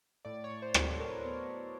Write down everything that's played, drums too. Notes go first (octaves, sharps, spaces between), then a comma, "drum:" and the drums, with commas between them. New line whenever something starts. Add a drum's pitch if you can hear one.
A2 D5
C#5
A2
C5
F#3, drum: rim click
A4
A2 A#4
B4
B3 A#4
F#3